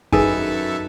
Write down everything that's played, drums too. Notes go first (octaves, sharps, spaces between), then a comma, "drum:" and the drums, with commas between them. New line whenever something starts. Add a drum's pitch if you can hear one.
F#2 D#4 G#4 A4 B4 E5 G#5, drum: kick F#2